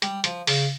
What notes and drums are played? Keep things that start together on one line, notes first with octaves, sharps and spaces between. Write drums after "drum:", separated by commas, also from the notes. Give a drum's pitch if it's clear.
G3, drum: hi-hat
F3, drum: hi-hat
C#3, drum: open hi-hat